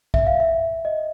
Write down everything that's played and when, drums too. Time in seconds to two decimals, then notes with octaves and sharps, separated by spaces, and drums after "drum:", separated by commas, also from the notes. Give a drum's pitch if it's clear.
0.14 E5, drum: kick
0.27 F5
0.40 E5
0.85 D#5